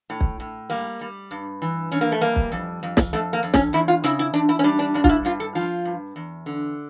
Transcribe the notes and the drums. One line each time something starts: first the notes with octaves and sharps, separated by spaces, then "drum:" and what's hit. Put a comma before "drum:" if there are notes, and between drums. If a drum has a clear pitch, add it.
A2
drum: kick
A2
G3 A#3
G3
G2
E3
E3 C#4
A#3
A3
G3 A#3
drum: kick
F2
F2
drum: snare
F2 A3
A#3
F2
C#4, drum: snare
E2 E4
F4
C#3 E4, drum: hi-hat
E4
E2 D4
E4
C#4
G3 D4
D4
G2 D4
F4, drum: kick
E4
G2 F4
A4
F3 F4
G2
E2
D3